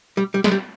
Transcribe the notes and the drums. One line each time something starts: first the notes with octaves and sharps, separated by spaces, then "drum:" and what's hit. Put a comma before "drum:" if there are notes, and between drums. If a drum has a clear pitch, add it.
G3
G3
G#3, drum: snare
G3